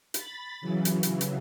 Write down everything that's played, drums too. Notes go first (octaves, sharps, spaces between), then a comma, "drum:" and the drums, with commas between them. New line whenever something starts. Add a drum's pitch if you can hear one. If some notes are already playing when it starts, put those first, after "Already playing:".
B5 A6, drum: hi-hat
C#3 E3 F#3
drum: hi-hat
drum: hi-hat
drum: hi-hat